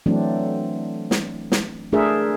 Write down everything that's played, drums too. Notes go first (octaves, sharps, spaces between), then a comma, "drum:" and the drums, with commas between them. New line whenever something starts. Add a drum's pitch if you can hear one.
E3 F#3 A3 C4 D4
drum: snare
drum: snare
A3 D4 G#4 A#4 C5 E5